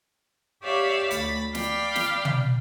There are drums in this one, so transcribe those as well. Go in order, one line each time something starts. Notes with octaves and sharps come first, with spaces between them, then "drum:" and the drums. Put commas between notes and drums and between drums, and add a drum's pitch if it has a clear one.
G4 C#5 D5 E5 F5
D2 B5 A6, drum: hi-hat
D5 F5 G5 B5, drum: snare
drum: snare
drum: tom